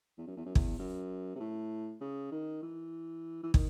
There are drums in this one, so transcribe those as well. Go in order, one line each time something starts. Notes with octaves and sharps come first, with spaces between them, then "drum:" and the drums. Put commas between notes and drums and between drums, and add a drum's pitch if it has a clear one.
E2
F#2
E2
F#2
E2, drum: kick
F#2
C3
A2
C#3
D#3
E3
E3
D#3, drum: kick